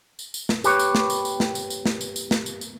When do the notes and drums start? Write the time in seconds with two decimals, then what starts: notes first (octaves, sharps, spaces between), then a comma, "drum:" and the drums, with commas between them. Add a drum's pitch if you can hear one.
0.19 drum: tambourine
0.34 drum: tambourine
0.49 drum: snare
0.64 G4 B4 C#5, drum: tambourine
0.79 drum: tambourine
0.95 drum: snare
1.10 drum: tambourine
1.25 drum: tambourine
1.40 drum: snare
1.55 drum: tambourine
1.70 drum: tambourine
1.86 drum: snare
2.01 drum: tambourine
2.16 drum: tambourine
2.31 drum: snare
2.46 drum: tambourine
2.61 drum: tambourine